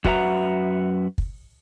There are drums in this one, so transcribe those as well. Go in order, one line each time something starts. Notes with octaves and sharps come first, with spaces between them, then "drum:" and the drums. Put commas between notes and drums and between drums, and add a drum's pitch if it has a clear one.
F#2 F#4 B4 E5 F#5 A#5, drum: kick
drum: kick